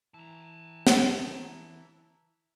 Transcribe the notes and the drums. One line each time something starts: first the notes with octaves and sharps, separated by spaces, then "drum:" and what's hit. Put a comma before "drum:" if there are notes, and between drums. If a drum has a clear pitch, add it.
E3 A5 A#5
drum: snare